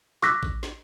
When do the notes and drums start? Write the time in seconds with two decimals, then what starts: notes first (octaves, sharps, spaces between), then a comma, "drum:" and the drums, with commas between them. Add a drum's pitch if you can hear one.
0.22 C#6 D6 E6 F#6 A#6 B6, drum: snare
0.43 drum: kick A1
0.63 drum: snare